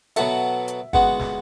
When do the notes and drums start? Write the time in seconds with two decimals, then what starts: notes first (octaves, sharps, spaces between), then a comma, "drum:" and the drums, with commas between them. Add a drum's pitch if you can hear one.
0.16 B2 F#3 B3 F#4 A4 E5, drum: hi-hat
0.68 drum: hi-hat
0.93 G#3 B3 F#4 F#5, drum: kick
1.20 drum: snare